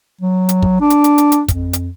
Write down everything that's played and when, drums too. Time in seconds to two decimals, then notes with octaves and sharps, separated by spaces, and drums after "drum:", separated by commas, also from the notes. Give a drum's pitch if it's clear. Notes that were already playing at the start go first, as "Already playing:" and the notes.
0.21 F#3
0.49 drum: hi-hat
0.62 drum: kick
0.81 D4
0.90 drum: hi-hat
1.04 drum: hi-hat
1.18 drum: hi-hat
1.32 drum: hi-hat
1.48 F2, drum: kick, hi-hat
1.73 drum: hi-hat